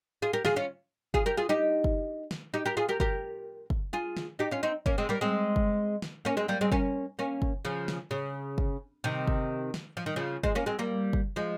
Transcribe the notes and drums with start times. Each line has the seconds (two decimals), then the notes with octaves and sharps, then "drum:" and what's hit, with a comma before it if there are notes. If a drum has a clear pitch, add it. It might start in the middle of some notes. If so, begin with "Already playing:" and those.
0.22 F4 G#4
0.33 G4 A#4
0.45 F4 G#4, drum: snare
0.56 C#4 F4
1.14 F4 G#4, drum: kick
1.26 G4 A#4
1.37 F4 G#4
1.49 D#4 G4
1.84 drum: kick
2.31 drum: snare
2.54 D#4 G4
2.66 G4 A#4
2.77 F4 G#4
2.89 G4 A#4
3.00 G4 A#4, drum: kick
3.70 drum: kick
3.93 F4 G#4
4.17 drum: snare
4.39 D#4 G4
4.51 C#4 F4
4.63 C4 D#4
4.86 A#3 C#4, drum: kick
4.98 G#3 C4
5.09 G3 A#3
5.21 G#3 C4
5.56 drum: kick
6.02 drum: snare
6.25 A#3 C#4
6.37 G#3 C4
6.48 G3 A#3
6.61 G#3 C4
6.72 A#3 C#4, drum: kick
7.19 A#3 C#4
7.42 drum: kick
7.65 C#3 F3
7.88 drum: snare
8.11 C#3
8.58 drum: kick
9.04 C3 D#3
9.27 drum: kick
9.74 drum: snare
9.97 F3
10.06 D#3
10.16 C#3 F3
10.43 G#3 C4, drum: kick
10.55 A#3 C#4
10.66 G#3 C4
10.79 G3 A#3
11.13 drum: kick
11.36 F3 G#3